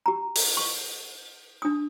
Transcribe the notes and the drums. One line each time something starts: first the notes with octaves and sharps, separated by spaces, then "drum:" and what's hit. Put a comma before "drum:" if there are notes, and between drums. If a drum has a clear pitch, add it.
G4 A#5
drum: open hi-hat
C#6
D4 D#6